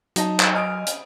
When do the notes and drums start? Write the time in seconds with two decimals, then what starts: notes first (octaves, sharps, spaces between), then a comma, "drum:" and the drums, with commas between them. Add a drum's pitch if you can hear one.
0.16 F#3 D#4 D#5 A5, drum: hi-hat
0.40 drum: clap
0.55 D#5 G#5 D#6 F6 D7
0.87 drum: hi-hat